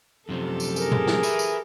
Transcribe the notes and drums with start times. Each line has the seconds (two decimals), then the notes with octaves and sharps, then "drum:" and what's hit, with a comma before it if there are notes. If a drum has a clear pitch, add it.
0.29 F#2 C3 F3 G4 A4
0.60 drum: tambourine
0.76 G#4 A#4, drum: tambourine
0.92 drum: tom A#2
1.07 drum: snare
1.23 B4 E5, drum: tambourine
1.39 drum: tambourine